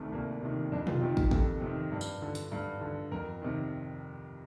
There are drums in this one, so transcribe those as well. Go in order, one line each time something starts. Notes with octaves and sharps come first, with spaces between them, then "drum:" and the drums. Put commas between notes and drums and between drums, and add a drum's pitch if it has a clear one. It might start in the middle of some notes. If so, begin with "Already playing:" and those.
Already playing: C2 C3 D#3 A3
C2 A#3
C3 D#3
F2 D4
F4, drum: tom B2
C3 D#3 G4
G4, drum: kick
F2 A4, drum: kick
C3 D#3
G2
drum: tambourine
D3
drum: hi-hat
G2
D3
F2 A#4
C3 D#3